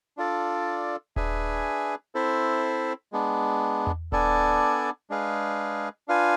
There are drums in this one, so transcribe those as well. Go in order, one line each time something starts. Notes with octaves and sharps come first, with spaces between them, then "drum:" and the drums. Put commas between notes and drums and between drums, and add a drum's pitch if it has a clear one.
D4 F4 A4 D5
D4 G#4 B4 E5 G#5, drum: kick D#1
C4 E4 A4 C5 E5
G#3 B3 D4
drum: tom E2
B3 D4 A4 D5 G#5, drum: kick D#1
G#3 D4 G#4 B4 F5
D4 F4 B4 F5 G#5